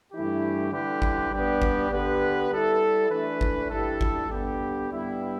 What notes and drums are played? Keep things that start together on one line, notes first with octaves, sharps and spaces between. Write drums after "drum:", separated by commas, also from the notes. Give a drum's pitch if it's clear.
G2 E3 A3 E4 G4
D3 G3 E4 G4 B4
drum: kick G#1
G3 B3 D4 G4 B4
drum: kick G#1
D3 B3 G4 B4
G3 E4 A4
E3 A3 D4 B4
drum: kick G#1
G2 G3 E4 A4
drum: kick G#1
G2 D3 B3 G4
G2 G3 B3 E4